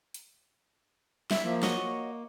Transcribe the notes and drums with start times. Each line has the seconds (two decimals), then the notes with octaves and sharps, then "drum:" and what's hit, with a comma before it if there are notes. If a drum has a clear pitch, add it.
0.14 drum: hi-hat
1.31 E4 E5, drum: snare
1.43 F3 A#3
1.63 F#4 C#5 D#5, drum: snare
1.82 A#3